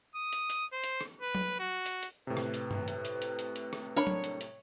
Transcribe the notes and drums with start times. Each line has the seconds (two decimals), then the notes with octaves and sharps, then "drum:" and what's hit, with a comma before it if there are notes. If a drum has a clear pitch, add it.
0.16 D#6
0.33 drum: hi-hat
0.50 drum: hi-hat
0.73 C5
0.84 drum: hi-hat
1.01 drum: rim click
1.21 B4
1.35 drum: tom F#3
1.60 F#4
1.86 drum: hi-hat
2.03 drum: hi-hat
2.27 A2 C3 B4
2.37 drum: rim click
2.54 drum: hi-hat
2.71 drum: tom G2
2.88 drum: hi-hat
3.05 drum: hi-hat
3.22 drum: hi-hat
3.39 drum: hi-hat
3.56 drum: hi-hat
3.73 drum: rim click
3.97 D4 A#4 C#5 B5
4.07 drum: tom F#3
4.24 drum: hi-hat
4.41 drum: hi-hat